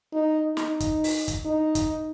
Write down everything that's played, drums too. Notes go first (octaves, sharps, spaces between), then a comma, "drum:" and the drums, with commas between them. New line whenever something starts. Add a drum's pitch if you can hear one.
D#4
D#4, drum: snare
drum: kick, hi-hat
drum: open hi-hat
drum: kick, hi-hat
D#4
drum: kick, hi-hat